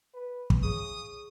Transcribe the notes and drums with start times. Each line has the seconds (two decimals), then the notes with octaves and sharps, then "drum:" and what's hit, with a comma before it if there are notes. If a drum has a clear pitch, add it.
0.14 B4
0.50 drum: kick
0.63 C#3 G#4 C#6 D#6